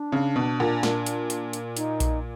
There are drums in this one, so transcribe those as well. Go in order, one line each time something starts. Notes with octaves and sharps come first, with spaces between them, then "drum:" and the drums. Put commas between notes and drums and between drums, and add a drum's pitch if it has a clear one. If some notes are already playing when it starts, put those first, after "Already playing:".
Already playing: D4
C#3
B2
A#2
A#2, drum: snare
drum: hi-hat
drum: hi-hat
drum: hi-hat
D#4, drum: hi-hat
drum: kick A#1, hi-hat